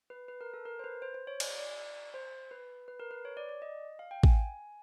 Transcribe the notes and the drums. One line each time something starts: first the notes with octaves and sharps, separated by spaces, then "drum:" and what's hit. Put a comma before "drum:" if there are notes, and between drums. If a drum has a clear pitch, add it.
B4
B4
A#4
A4
A#4
C5
B4
C5
C5
C#5
D5, drum: cymbal
D5
C5
B4
B4
A#4
B4
C#5
D5
D5
D#5
F5
G5
G#5, drum: kick A1